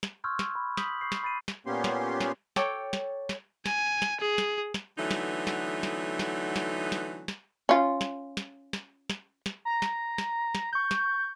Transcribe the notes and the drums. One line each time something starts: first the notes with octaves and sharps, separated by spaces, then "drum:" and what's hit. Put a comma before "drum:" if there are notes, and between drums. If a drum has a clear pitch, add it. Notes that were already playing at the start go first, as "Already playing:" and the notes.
drum: snare
C6 C#6 E6 F6 G6 G#6
drum: snare
B5
D#6 G6 B6 F#7, drum: snare
C#6 G6 C7
drum: snare
B5 A6 C7 D#7
drum: snare
A#2 A#3 B3 C#4 G4 C6
drum: snare
drum: snare
A4 C#5 G5 D6, drum: snare
drum: snare
drum: snare
G#5, drum: snare
drum: snare
G#4
drum: snare
drum: snare
D3 E3 F#3 A3 B3 D#4
drum: snare
drum: snare
drum: snare
drum: snare
drum: snare
drum: snare
drum: snare
C#4 F4
drum: snare
drum: snare
drum: snare
drum: snare
drum: snare
A#5
drum: snare
drum: snare
drum: snare
C#6 G6
drum: snare